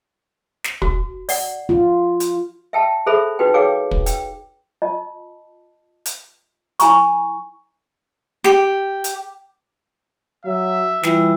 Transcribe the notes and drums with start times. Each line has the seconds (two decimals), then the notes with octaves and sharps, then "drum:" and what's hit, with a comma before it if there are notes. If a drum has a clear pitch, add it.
0.64 drum: snare
0.82 F#4, drum: kick
1.29 D5 F#5, drum: open hi-hat
1.69 F4
2.20 drum: hi-hat
2.73 E5 G5 A5
3.06 G#4 A4 C5 E5 B5
3.39 D#4 F#4 B4 G5
3.54 G#4 C#5 F5 G5 D6
3.91 drum: kick
4.06 G5, drum: hi-hat
4.82 F4 D#5 A5
6.05 drum: hi-hat
6.80 E4 G#5 A#5 C#6, drum: hi-hat
8.44 G4, drum: snare
9.04 drum: hi-hat
10.46 F#3 E5
11.03 E3 G3 E4 F4, drum: snare